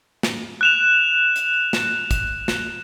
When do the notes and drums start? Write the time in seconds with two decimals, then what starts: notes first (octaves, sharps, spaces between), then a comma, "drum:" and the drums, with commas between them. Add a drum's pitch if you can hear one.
0.23 drum: snare
0.61 F#6 E7 F7
1.36 drum: hi-hat
1.73 drum: snare
2.11 drum: kick, hi-hat
2.48 drum: snare